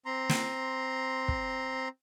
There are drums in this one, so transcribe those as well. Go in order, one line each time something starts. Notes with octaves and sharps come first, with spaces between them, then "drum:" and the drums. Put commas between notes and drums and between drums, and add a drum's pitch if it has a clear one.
C4 A#5 C6
drum: snare
drum: kick